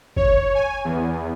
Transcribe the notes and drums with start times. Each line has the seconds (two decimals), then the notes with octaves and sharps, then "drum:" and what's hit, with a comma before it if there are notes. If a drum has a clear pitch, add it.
0.17 C#5, drum: kick
0.55 G#5
0.85 E2